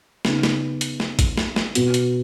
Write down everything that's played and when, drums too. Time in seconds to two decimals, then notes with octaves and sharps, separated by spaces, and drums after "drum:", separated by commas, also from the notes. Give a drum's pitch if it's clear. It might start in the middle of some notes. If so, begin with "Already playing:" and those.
0.25 C#3 B3 D#4, drum: snare
0.43 drum: snare
0.81 drum: hi-hat
1.00 drum: snare
1.19 drum: kick A1, hi-hat
1.38 drum: snare
1.56 drum: snare
1.75 B2 B3 F#4, drum: hi-hat
1.94 drum: hi-hat